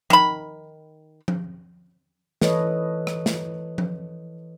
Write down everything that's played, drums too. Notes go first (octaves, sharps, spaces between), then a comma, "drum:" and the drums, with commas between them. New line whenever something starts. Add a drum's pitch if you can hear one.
D#3 B5, drum: tom F3
drum: tom F3
E3 A4 B4 C#5 D#5, drum: snare
drum: rim click
drum: snare
drum: tom F3